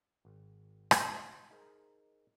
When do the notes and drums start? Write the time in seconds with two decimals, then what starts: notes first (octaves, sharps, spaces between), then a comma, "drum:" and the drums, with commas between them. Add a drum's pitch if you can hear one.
0.25 G#1
0.91 drum: rim click
1.50 D#4 G#4 A#4 C5